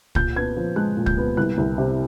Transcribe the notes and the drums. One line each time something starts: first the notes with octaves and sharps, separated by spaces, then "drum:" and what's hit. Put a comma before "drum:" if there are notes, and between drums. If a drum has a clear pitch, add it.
A#2 G6, drum: kick
B3 G#6
F3
G#3 F#6
A#2
G6, drum: kick
B3
C2 F#6
C2
C3